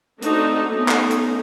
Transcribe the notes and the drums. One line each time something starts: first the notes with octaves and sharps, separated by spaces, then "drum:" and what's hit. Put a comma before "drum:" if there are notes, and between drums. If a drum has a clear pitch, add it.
A3 C4 D4 D#4 F#4 A4, drum: hi-hat
A3 B3 C#4 D#4
drum: clap
drum: hi-hat